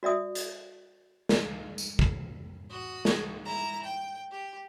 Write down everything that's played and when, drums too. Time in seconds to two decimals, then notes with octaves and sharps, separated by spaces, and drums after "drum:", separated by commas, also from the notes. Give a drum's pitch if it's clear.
0.03 F#4 D5 E5 D#6
0.35 drum: hi-hat
1.29 drum: snare
1.78 drum: tambourine
1.99 drum: kick
2.70 F#4 D#6
3.05 drum: snare
3.45 E4 A#5
3.84 G5
4.31 G4